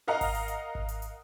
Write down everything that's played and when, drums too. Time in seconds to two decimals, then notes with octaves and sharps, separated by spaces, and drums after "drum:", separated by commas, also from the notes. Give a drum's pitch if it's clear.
0.07 A#4 D#5 F5 F#5 A#5
0.21 drum: kick G#1, open hi-hat
0.34 drum: hi-hat
0.48 drum: hi-hat
0.75 drum: kick G#1
0.88 drum: hi-hat
1.02 drum: hi-hat